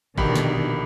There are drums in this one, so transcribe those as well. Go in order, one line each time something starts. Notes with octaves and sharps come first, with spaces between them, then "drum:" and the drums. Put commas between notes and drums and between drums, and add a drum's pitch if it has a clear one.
A#1 B2 D3 D#3 G4 B5, drum: kick G1
drum: snare